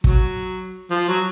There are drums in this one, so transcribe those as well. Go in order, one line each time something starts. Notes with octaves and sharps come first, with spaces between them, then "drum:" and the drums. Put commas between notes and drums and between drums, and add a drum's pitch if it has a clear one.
F#3, drum: kick
F3
F#3